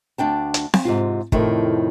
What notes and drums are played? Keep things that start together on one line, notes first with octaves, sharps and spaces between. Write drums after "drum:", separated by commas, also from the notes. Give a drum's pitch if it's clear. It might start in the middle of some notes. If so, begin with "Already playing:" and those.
D2 D4 G5 A5
drum: hi-hat
drum: snare C4
G#2 C3 F4
F2 A2 C3 D#3, drum: kick